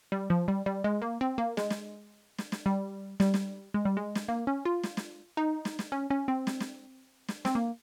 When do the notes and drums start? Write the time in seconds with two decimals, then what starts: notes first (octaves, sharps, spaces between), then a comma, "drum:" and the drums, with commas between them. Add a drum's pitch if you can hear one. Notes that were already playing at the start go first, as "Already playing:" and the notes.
0.12 G3
0.30 F3
0.48 G3
0.66 G3
0.84 G#3
1.02 A#3
1.21 C4
1.38 A#3
1.57 G#3, drum: snare
1.70 drum: snare
2.38 drum: snare
2.52 drum: snare
2.66 G3
3.20 G3, drum: snare
3.34 drum: snare
3.74 G#3
3.85 G3
3.97 G#3
4.15 drum: snare
4.28 A#3
4.47 C#4
4.65 F4
4.83 drum: snare
4.97 drum: snare
5.37 D#4
5.65 drum: snare
5.79 drum: snare
5.92 C#4
6.10 C#4
6.28 C4
6.47 drum: snare
6.60 drum: snare
7.28 drum: snare
7.45 C4, drum: snare
7.55 A#3